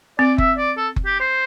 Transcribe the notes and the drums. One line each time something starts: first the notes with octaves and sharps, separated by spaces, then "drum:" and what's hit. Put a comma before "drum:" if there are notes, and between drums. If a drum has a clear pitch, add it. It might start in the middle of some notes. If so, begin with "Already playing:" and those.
C4 D5
E5, drum: kick F#1
D5
A4
drum: kick F#1
G4
C5